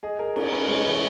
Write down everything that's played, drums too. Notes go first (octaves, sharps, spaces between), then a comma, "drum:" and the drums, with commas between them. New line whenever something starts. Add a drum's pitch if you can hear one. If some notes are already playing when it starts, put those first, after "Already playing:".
G#4 D#5
G#4 A#4
C#4 A#4, drum: cymbal
C#4 B4
G#3 C#5
B4
E3
C#5